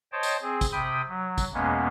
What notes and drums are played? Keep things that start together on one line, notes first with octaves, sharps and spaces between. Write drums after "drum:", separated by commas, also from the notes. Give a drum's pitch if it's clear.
C5 C#5 D#5 G5 A5
drum: tambourine
C4 G#4
drum: kick, tambourine
C3 G5 B5 D#6
F#3
drum: kick, tambourine
E2 B2 G#3 A#3 B3 C#4